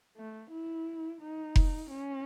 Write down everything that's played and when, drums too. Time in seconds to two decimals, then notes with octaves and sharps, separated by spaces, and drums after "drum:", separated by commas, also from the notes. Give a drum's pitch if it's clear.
0.17 A3
0.51 E4
1.21 D#4
1.56 drum: kick F1
1.90 C#4